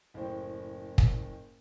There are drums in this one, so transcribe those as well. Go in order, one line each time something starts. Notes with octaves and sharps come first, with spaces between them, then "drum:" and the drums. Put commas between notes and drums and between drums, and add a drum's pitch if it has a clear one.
F#1 A2 C5 G5
drum: kick